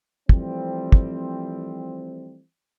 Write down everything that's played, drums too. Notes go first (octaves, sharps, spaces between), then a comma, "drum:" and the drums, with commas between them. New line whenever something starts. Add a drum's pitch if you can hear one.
E3 F3 G3 A3 C4, drum: kick
drum: kick